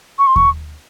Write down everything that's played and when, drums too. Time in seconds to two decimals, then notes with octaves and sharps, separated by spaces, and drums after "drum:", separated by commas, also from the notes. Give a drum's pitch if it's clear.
0.19 C#6
0.27 C6
0.36 C#6, drum: kick D#2